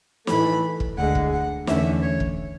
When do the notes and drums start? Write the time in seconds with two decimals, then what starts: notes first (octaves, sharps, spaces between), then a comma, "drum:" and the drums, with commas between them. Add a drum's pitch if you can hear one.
0.27 A2 E3 A3 B5, drum: snare
0.80 drum: kick
0.97 D2 D3 G#3 F#5
1.15 drum: kick
1.33 F#5
1.67 E2 D3 A3 C#4 E5, drum: snare
2.02 C#5
2.20 drum: kick